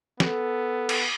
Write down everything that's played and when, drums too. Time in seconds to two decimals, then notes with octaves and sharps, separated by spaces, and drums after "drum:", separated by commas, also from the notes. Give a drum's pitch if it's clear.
0.20 B3 A4, drum: snare
0.89 drum: cymbal